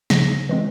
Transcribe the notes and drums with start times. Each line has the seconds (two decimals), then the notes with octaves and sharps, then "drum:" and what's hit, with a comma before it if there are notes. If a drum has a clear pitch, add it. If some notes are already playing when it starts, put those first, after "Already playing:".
0.10 C#3 A#6, drum: snare
0.49 E3 G#3 C4